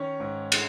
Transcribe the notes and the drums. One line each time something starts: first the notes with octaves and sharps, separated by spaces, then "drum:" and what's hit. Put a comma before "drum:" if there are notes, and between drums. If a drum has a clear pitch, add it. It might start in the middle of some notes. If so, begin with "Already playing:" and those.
Already playing: D#3 C#4 C#5
G#2
G#3, drum: cymbal